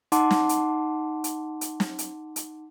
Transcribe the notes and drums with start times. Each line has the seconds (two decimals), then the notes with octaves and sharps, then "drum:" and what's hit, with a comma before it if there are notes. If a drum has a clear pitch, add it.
0.12 D#4 F#5 A5 C6 D6, drum: hi-hat
0.31 drum: snare
0.49 drum: hi-hat
1.24 drum: hi-hat
1.61 drum: hi-hat
1.80 drum: snare
1.99 drum: hi-hat
2.36 drum: hi-hat